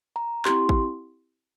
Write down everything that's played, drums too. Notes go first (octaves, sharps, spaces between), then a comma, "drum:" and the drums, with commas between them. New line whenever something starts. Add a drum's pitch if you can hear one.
A#5
C4 E4 G4 C6, drum: clap
drum: kick